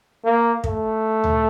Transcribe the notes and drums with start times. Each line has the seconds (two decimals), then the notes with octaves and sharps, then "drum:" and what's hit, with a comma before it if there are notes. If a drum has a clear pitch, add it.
0.25 A#3
0.64 A3, drum: kick
1.24 drum: tom D2